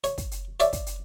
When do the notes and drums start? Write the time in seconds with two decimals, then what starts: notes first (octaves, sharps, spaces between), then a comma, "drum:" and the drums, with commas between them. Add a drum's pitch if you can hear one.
0.04 C#5, drum: hi-hat
0.18 drum: kick, hi-hat
0.31 drum: hi-hat
0.60 C#5 D5 E5, drum: hi-hat
0.73 drum: kick, hi-hat
0.86 drum: hi-hat